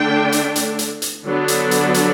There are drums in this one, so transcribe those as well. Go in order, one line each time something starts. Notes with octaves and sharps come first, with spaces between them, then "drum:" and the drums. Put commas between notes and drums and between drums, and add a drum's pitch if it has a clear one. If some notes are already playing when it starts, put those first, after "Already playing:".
Already playing: D3 A3 D4 G5
drum: hi-hat
drum: hi-hat
drum: hi-hat
drum: hi-hat
D3 F#3 B3 D4
drum: hi-hat
drum: hi-hat
drum: hi-hat